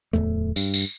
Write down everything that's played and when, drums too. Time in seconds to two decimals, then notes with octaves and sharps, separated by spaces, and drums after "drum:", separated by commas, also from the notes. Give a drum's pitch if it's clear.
0.13 D1 G1 E2 A3
0.56 G2, drum: tambourine
0.74 drum: tambourine